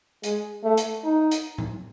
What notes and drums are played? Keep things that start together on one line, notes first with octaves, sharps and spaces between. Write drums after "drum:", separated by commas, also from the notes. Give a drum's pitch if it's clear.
G#3, drum: hi-hat
A3
drum: hi-hat
D#4
drum: hi-hat
drum: tom A2